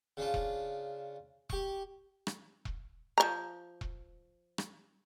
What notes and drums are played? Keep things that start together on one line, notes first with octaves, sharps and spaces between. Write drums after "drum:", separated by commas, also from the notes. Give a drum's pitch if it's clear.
C#3 D4 F4
drum: kick E1
G4 C#6, drum: kick E1
drum: rim click
drum: kick E1
F3 D5 A#5
drum: kick E1
drum: rim click